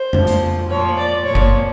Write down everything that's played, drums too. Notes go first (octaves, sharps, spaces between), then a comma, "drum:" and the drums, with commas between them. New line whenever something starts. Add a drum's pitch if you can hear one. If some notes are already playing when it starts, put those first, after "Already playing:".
Already playing: C5
A#2 F3, drum: tom F2
drum: hi-hat
A#2 F3 C#5
D5
A#2 F3 C#5
drum: kick